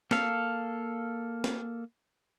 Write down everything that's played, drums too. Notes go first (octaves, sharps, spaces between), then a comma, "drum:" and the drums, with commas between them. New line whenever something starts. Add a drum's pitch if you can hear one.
A#3 A4 F5, drum: snare
drum: snare